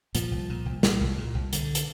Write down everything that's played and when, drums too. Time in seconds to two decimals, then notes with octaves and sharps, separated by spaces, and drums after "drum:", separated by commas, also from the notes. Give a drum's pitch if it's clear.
0.15 A#2 F3, drum: hi-hat
0.31 C2
0.50 A#2
0.66 C2
0.83 A#2, drum: snare
1.01 C2
1.18 A#2
1.35 C2
1.53 D3, drum: hi-hat
1.75 drum: hi-hat